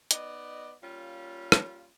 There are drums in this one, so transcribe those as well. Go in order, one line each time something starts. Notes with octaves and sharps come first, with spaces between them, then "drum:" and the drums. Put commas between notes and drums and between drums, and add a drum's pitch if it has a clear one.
B3 D#4 D5 D#5, drum: hi-hat
G3 A#3 C#4 F4
drum: rim click